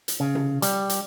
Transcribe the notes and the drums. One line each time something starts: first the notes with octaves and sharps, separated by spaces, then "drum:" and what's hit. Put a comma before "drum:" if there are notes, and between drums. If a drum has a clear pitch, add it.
drum: hi-hat
C#3
drum: tom C3
G3, drum: hi-hat
drum: hi-hat